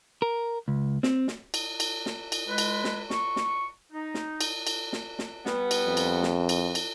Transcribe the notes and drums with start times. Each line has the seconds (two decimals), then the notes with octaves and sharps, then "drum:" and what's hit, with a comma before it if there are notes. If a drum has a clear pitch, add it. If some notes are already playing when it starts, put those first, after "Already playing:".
0.22 A#4
0.68 C#2
1.03 C4, drum: snare
1.28 drum: snare
1.54 drum: cymbal
1.80 drum: cymbal
2.06 drum: snare
2.32 drum: cymbal
2.48 G#3 B4
2.58 drum: cymbal
2.84 drum: snare
3.10 C#6, drum: snare
3.36 drum: snare
3.92 D#4
4.14 drum: snare
4.41 drum: cymbal
4.67 drum: cymbal
4.93 drum: snare
5.19 drum: snare
5.46 G3 B3, drum: snare
5.71 drum: cymbal
5.86 F2
5.97 drum: cymbal
6.23 drum: snare
6.49 drum: cymbal
6.75 drum: cymbal